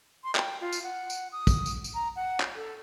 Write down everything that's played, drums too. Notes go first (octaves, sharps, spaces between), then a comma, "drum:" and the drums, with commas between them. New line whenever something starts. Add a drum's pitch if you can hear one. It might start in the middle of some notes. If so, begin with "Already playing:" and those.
C6
G5, drum: clap
F4
drum: tambourine
F#5
drum: tambourine
D#6
drum: kick, tambourine
drum: tambourine
drum: tambourine
A#5
F#5
drum: clap
A4